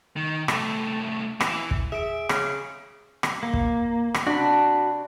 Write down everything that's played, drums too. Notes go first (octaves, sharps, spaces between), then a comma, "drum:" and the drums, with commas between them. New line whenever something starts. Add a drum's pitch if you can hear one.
D#3
C2 A3, drum: rim click
E3, drum: rim click
drum: kick
G#4 E5 D7
C#3, drum: rim click
drum: rim click
A#3
drum: kick
drum: rim click
C3 D4 F#4 B5